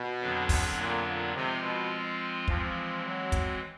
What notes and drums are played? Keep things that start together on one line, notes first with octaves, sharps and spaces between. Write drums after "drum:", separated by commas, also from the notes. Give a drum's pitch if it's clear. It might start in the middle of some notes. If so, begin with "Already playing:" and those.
Already playing: B2
F2 D3 F#3 B3 D4
drum: kick, open hi-hat
A#2
A#2
C3 F3 G#3 C4 F4
B2
E3 F3 G#3 C4, drum: kick
F#3
drum: kick, hi-hat